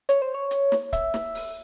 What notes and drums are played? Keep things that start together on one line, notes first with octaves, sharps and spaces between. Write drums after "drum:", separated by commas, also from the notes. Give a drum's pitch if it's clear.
C#5, drum: hi-hat
C5
C#5
drum: hi-hat
drum: snare
E5, drum: kick C#1, hi-hat
drum: snare
drum: open hi-hat